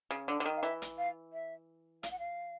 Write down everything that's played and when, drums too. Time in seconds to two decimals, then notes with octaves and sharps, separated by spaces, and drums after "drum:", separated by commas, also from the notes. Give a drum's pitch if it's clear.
0.11 C#3
0.28 D3
0.40 D3
0.46 D#3
0.57 F5
0.63 E3 E5
0.82 drum: hi-hat
0.98 F5
1.33 E5
2.03 F5, drum: hi-hat
2.11 F#5
2.19 F5